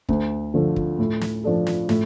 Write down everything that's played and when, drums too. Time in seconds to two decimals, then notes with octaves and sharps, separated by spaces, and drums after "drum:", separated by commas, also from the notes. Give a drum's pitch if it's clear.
0.09 D2, drum: kick
0.54 D3 F3 A3
0.76 drum: kick
0.99 A2
1.21 drum: snare
1.44 F3 D4 A4
1.67 drum: snare
1.89 A2, drum: snare